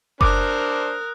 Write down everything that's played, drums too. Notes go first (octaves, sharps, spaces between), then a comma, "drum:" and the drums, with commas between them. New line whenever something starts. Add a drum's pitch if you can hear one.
D4 A#4 C5 D6 D#6 F#6, drum: kick F#1